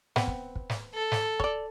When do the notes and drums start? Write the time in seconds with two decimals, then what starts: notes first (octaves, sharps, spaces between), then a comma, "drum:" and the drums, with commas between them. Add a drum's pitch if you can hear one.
0.16 B3 C4, drum: snare
0.27 drum: kick
0.55 drum: kick
0.70 drum: snare
0.94 A4
1.12 drum: snare
1.40 C#5 D5, drum: kick